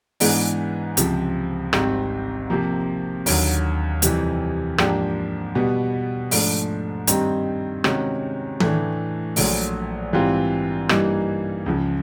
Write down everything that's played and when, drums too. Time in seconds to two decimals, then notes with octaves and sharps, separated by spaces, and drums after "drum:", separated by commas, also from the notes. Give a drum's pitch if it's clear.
0.20 G#2 E3 G#3 B3 D4, drum: open hi-hat
0.97 C#2 C3 F3, drum: hi-hat
1.73 G#1 G#2 D#3 G3 C4, drum: rim click
2.50 C3 F3 A#3
3.26 D#2 D3 F#3, drum: open hi-hat
4.02 F2 C3 E3 G3, drum: hi-hat
4.78 G#2 F3 A#3 D4 G4, drum: rim click
5.55 B2 G3 B3
6.31 G#2 F3 A3 D4, drum: open hi-hat
7.07 G2 D#3 G3 C4 D#4, drum: hi-hat
7.84 C3 D#3 G#3 C#4 F#4, drum: rim click
8.60 A2 E3 A3 D4, drum: tom D#3
9.36 A#1 A#2 F#3 A3, drum: open hi-hat
10.13 G#2 E3 G3 C4 F4
10.89 G2 E3 G3 A#3 D#4, drum: rim click
11.66 C#2 C#3 F3